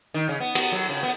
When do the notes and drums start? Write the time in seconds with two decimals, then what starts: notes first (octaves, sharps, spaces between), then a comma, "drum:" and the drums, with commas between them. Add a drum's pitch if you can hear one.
0.14 D#3
0.29 C#3
0.40 B3
0.55 B3, drum: cymbal
0.72 F#3
0.89 C#3
1.03 B3